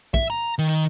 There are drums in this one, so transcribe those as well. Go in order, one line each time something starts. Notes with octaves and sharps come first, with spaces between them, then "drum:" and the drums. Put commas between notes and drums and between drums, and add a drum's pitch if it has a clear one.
E5, drum: kick
A#5
D#3